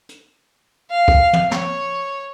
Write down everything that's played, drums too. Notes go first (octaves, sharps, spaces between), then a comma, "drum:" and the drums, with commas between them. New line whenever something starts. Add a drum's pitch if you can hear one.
drum: hi-hat
F5
drum: kick
drum: tom
C#5, drum: snare